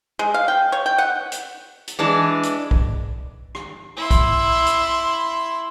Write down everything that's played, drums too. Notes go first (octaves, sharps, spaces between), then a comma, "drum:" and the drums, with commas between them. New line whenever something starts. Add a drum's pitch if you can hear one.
G#3
F5
G5
C#5
G5
F#5
drum: hi-hat
drum: hi-hat
E3 G#3 D4
drum: hi-hat
drum: kick B1
drum: rim click
E4 C6
drum: kick B1, hi-hat
drum: hi-hat